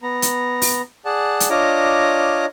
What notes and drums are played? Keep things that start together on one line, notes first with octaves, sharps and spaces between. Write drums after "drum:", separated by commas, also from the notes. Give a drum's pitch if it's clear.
B3 A#5
drum: hi-hat
drum: open hi-hat
G#4 D5 F#5 A5
drum: hi-hat
D4 F4 C#5 D#5 A#5 D6